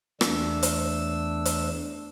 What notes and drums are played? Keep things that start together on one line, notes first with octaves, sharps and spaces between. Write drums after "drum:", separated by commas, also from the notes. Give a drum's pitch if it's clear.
E2 A3 D4 E6, drum: rim click
drum: hi-hat
drum: hi-hat